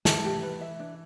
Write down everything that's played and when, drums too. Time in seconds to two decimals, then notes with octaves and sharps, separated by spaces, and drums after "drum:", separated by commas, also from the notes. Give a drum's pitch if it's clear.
0.05 E3 A5, drum: snare
0.24 G4
0.43 B4
0.61 E5
0.80 D4